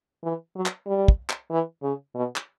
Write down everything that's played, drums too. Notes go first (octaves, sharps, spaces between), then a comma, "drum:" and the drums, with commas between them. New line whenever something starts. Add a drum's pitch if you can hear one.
E3
F#3
drum: clap
G3
drum: kick
drum: clap
E3
C#3
B2
drum: clap